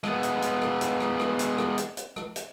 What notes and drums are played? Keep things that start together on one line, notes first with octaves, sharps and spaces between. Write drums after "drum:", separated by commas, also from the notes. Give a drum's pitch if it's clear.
G#3 B3, drum: rim click
drum: hi-hat
drum: hi-hat
drum: rim click
drum: hi-hat
drum: rim click
drum: rim click
drum: hi-hat
drum: rim click
drum: hi-hat
drum: hi-hat
drum: rim click
drum: hi-hat